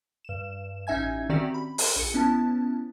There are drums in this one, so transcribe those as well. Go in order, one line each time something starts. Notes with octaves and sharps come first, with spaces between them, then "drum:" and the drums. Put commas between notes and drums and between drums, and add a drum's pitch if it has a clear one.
G2 E7
A1 C#4 D#4 E5 G#5 G#6
D#3 C4 C#4 F#4 G4 D5
B5
drum: open hi-hat
A#1 C#7
B3 C#4 E4 A5